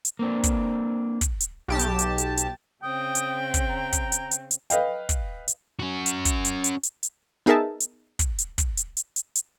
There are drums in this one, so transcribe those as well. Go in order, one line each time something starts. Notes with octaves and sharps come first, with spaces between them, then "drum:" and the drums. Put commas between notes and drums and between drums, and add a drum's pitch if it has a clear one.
drum: hi-hat
A#3 C4 D4
drum: kick, hi-hat
drum: kick, hi-hat
drum: hi-hat
B1 G4 A5
drum: hi-hat
drum: hi-hat
drum: hi-hat
drum: hi-hat
C#3 C4 G5 D#6
drum: hi-hat
drum: kick, hi-hat
A#5
drum: kick, hi-hat
drum: hi-hat
drum: hi-hat
drum: hi-hat
B4 D#5 F5 G5, drum: hi-hat
drum: kick, hi-hat
drum: hi-hat
C#4 F#4
drum: hi-hat
drum: kick, hi-hat
drum: hi-hat
drum: hi-hat
drum: hi-hat
drum: hi-hat
B3 D#4 G#4 A#4 E5 A5
drum: hi-hat
drum: kick, hi-hat
drum: hi-hat
drum: kick, hi-hat
drum: hi-hat
drum: hi-hat
drum: hi-hat
drum: hi-hat